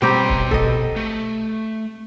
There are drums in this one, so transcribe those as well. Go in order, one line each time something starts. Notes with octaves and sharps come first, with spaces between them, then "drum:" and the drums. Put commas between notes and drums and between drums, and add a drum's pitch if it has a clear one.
B2 G3 C4 G4 A#5
drum: kick
A4 D#5, drum: kick
A3